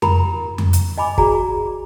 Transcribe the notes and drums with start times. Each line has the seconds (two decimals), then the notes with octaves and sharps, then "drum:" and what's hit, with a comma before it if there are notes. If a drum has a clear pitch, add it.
0.02 E4 G4 A#4 A#5 B5, drum: tom F2
0.58 drum: tom F2
0.73 drum: hi-hat
0.98 D#5 G#5 B5 D6
1.18 F#4 G#4 D5 A#5, drum: kick